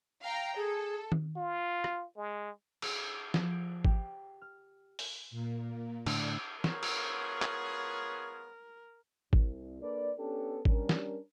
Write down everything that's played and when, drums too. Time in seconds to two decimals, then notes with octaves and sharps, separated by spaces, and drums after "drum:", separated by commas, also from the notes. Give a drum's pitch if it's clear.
0.23 F5 G5 A#5
0.56 G#4 A4
1.12 drum: tom D#3
1.37 F4
1.84 drum: rim click
2.17 G#3
2.82 G#4, drum: cymbal
3.34 F3, drum: snare
3.51 D7
3.85 G4, drum: kick G#1
4.42 F6
4.99 drum: open hi-hat
5.31 A#2 A#3
6.06 A2 D3 D5 F#6, drum: cymbal
6.64 B3 F4 G#4 A#4 C#5, drum: snare
6.83 drum: cymbal
7.42 drum: clap
9.33 C2, drum: kick G#1
9.82 A#3 D4 A4 B4 D5
10.18 B3 C#4 D4 G4 A4
10.65 G3 C#4 D4 A#4, drum: kick G#1
10.89 drum: snare